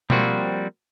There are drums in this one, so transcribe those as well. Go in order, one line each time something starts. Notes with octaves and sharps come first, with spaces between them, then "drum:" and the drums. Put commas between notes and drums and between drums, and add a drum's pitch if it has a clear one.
F3 G3 A#3 C4 F#4, drum: tom B2